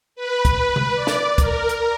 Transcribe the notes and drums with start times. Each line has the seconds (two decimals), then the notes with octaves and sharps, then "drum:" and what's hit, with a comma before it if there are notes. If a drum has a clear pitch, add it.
0.15 B4
0.45 drum: kick, hi-hat
0.76 drum: tom C3
0.94 D5
1.07 drum: snare
1.38 A#4, drum: kick, hi-hat
1.69 drum: hi-hat